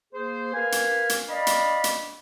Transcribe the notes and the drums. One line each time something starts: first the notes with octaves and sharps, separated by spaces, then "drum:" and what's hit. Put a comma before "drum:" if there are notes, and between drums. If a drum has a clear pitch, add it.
A#3 G#4 C5
A#4 B4 F5 G#5
drum: hi-hat
drum: hi-hat
D5 D#5 F5 B5
drum: hi-hat
drum: hi-hat